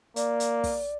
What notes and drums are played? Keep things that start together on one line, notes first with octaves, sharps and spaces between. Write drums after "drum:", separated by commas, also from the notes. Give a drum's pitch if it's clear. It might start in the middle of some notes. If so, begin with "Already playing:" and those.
A#3 D5, drum: hi-hat
drum: hi-hat
drum: kick, open hi-hat